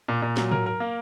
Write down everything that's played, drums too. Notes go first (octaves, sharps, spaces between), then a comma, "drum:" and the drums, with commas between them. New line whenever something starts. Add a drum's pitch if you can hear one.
A#2
A#2
F#3, drum: snare
A#4, drum: tom
A#4
A#3